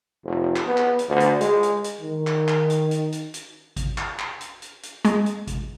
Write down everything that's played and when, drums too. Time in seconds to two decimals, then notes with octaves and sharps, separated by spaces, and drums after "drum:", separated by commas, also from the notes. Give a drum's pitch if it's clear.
0.24 F1
0.56 drum: clap
0.67 B3
0.77 drum: clap
0.99 drum: hi-hat
1.09 D2
1.20 drum: hi-hat
1.41 G#3, drum: hi-hat
1.63 drum: hi-hat
1.84 drum: hi-hat
2.01 D#3
2.27 drum: clap
2.48 drum: clap
2.70 drum: hi-hat
2.91 drum: hi-hat
3.12 drum: hi-hat
3.34 drum: hi-hat
3.76 drum: kick G#1, hi-hat
3.98 drum: clap
4.19 drum: clap
4.41 drum: hi-hat
4.62 drum: hi-hat
4.83 drum: hi-hat
5.05 G#3, drum: hi-hat
5.26 drum: hi-hat
5.47 drum: kick G#1, hi-hat